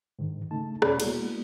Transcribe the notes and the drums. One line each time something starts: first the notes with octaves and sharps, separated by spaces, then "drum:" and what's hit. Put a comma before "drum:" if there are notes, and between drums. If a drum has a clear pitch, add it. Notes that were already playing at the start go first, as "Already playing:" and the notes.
G#2 D3 D#3
C#3 A3 D#4 A5
E2 B2 C#4 C#5 D5 B5, drum: rim click
G#3 A#3 B3 E4 F#4, drum: cymbal